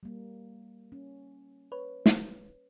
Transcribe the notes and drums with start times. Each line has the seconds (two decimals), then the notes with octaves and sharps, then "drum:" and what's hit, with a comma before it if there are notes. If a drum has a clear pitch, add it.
0.03 G3 A#3
0.92 C#4
1.72 B4 C#5
2.06 drum: snare